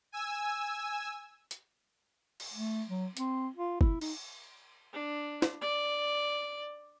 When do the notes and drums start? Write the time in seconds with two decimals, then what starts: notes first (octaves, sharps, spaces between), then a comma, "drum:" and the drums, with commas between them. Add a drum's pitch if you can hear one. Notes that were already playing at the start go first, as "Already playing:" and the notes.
0.12 G#5 E6
1.51 drum: hi-hat
2.40 drum: cymbal
2.54 A3
2.89 F#3
3.17 C4, drum: hi-hat
3.56 F4
3.81 E4, drum: kick
4.01 D#4, drum: cymbal
4.93 D4
5.42 drum: snare
5.61 D5